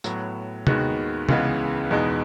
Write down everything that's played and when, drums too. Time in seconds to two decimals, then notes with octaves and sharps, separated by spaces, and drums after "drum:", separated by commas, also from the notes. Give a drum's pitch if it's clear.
0.04 A2 F#3 B3, drum: tambourine
0.67 D#2 D#3 G#3 B3 F#4, drum: tom C3
1.29 C#2 C#3 E3 G#3 B3, drum: tom C3
1.91 E2 B2 G#3 B3 D#4